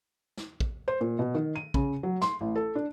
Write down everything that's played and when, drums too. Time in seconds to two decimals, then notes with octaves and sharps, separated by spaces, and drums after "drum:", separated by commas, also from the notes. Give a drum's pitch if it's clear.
0.37 drum: snare
0.60 drum: kick
0.88 C5
1.01 A#2
1.19 B2
1.35 D#3
1.56 D#7
1.74 C#3, drum: kick
2.03 F#3
2.22 C6, drum: snare
2.41 A1
2.55 A4
2.75 D4